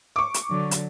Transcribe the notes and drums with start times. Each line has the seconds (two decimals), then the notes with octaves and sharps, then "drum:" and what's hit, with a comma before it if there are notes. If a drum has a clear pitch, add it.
0.16 C#6 D6
0.34 drum: hi-hat
0.50 D3 F#3
0.71 drum: hi-hat